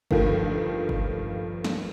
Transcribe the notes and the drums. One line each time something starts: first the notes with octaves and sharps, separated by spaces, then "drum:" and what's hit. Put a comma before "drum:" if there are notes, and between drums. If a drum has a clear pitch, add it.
G2 D#3 F3 A3 A#3, drum: kick F#1
drum: kick F#1
drum: snare